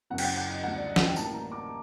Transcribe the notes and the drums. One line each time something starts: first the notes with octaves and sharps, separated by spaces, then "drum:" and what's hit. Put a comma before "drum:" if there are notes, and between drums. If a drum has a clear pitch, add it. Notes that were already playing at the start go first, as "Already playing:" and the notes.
F#1 F#2 F#3 F#5
G5, drum: cymbal
F#5
F#5
D#5
D2 D3 G3 F#5
D5
D#5
F#5, drum: snare
G5
A1 A2 G3 A#3 A5, drum: tambourine
A#5
D6